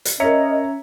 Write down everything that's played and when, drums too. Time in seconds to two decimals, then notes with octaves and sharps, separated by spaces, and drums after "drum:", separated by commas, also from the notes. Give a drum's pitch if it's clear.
0.05 drum: hi-hat
0.20 C#4 A#4 C#5 D#5 E5 A#5 C#7